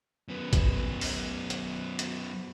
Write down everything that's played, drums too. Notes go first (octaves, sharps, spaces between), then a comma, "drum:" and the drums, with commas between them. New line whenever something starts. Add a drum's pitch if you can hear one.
F#2 B3
drum: kick A1, hi-hat
drum: open hi-hat
drum: hi-hat
drum: hi-hat